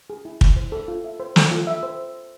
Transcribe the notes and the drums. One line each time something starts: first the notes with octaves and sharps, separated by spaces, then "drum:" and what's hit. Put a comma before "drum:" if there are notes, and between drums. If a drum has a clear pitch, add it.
G#4
E4
E4, drum: kick
C5
A4
F4
E5
C5
A4, drum: snare
F4
E5
C5